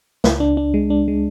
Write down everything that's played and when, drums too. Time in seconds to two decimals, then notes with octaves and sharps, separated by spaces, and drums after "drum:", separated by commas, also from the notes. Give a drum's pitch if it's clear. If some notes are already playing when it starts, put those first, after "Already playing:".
0.24 C#2, drum: snare
0.40 D4
0.57 D4
0.74 G#3
0.90 D4
1.08 G#3